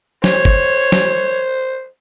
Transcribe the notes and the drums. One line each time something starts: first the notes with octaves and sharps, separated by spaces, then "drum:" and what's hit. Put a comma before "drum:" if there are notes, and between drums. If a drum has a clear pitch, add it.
C5 C#5, drum: snare
drum: kick
drum: snare